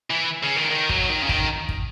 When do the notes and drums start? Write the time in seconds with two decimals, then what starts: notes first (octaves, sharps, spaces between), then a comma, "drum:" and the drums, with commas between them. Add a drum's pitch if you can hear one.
0.10 E3
0.43 C#3
0.56 D#3
0.70 D#3
0.89 F#3, drum: kick
1.09 D#3
1.22 C#3
1.29 D#3, drum: kick
1.69 drum: kick